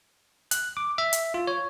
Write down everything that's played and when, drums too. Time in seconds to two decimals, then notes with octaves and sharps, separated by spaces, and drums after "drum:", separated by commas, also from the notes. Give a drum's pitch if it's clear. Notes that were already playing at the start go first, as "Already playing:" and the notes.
0.51 F#6, drum: hi-hat
0.77 D6
0.98 E5
1.13 drum: hi-hat
1.34 F4
1.47 C#5